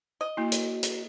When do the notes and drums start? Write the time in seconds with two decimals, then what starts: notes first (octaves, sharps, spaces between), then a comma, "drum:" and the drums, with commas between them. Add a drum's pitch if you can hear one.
0.21 D#5
0.37 A#3 E4 F#4
0.52 drum: hi-hat
0.83 drum: hi-hat